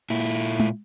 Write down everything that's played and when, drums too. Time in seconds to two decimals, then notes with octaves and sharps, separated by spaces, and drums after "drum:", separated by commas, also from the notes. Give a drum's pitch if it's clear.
0.10 A#2 E4
0.60 drum: tom G#3